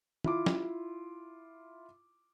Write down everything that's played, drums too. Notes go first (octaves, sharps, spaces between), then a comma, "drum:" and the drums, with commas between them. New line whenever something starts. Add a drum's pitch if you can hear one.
E4 F4 D6, drum: tom
drum: snare